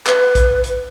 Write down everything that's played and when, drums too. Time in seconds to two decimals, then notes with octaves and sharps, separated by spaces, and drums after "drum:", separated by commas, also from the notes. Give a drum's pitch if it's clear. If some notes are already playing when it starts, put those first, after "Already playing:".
0.07 B4, drum: clap
0.35 drum: kick A#1, hi-hat
0.64 drum: hi-hat